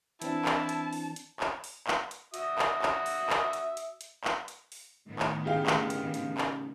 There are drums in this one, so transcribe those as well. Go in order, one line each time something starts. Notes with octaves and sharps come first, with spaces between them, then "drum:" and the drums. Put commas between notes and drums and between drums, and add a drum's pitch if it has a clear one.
E3 C4 D4 E4 A5, drum: hi-hat
drum: clap
drum: hi-hat
drum: open hi-hat
drum: hi-hat
drum: clap
drum: open hi-hat
drum: clap
drum: hi-hat
F#4 E5 D#6, drum: hi-hat
drum: clap
drum: clap
drum: open hi-hat
drum: clap
drum: hi-hat
drum: hi-hat
drum: hi-hat
drum: clap
drum: hi-hat
drum: open hi-hat
A2 D#3 B3
drum: clap
C#3 D#4 G4 G#4 F5 G5
drum: clap
drum: hi-hat
drum: hi-hat
drum: clap